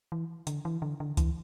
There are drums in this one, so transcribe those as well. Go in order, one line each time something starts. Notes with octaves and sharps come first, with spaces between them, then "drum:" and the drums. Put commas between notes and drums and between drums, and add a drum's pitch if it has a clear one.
E3
D3, drum: hi-hat
E3
D3
D3
E3, drum: kick C#2, hi-hat